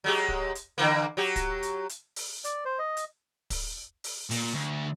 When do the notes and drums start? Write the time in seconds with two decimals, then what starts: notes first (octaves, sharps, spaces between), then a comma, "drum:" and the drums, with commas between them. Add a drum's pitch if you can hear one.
0.04 F#3 G#3 G4
0.28 drum: kick
0.55 drum: hi-hat
0.78 D3 E3 A#3
1.17 F#3 G4
1.36 drum: kick, hi-hat
1.63 drum: hi-hat
1.89 drum: hi-hat
2.16 drum: open hi-hat
2.44 D5, drum: hi-hat
2.65 C5
2.79 D#5
2.97 drum: hi-hat
3.50 drum: kick, open hi-hat
4.04 drum: open hi-hat
4.31 A#2, drum: open hi-hat
4.54 D2